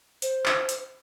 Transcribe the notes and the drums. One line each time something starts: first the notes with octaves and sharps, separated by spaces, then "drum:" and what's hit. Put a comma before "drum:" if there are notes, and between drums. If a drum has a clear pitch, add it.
C5, drum: hi-hat
drum: clap
drum: hi-hat